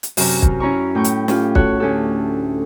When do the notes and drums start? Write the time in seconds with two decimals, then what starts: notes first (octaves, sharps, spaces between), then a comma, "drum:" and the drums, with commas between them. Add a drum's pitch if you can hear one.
0.03 drum: hi-hat
0.17 F#2 C3 A#4, drum: open hi-hat
0.42 drum: kick
0.60 C#4 E4 A#5 C#6
0.95 A2 G5 C#6
1.04 drum: hi-hat
1.28 C#4 F4 G4, drum: snare
1.55 F#4 A4 C#5 F#5 F#6, drum: kick
1.80 D2 C#4 G4 A4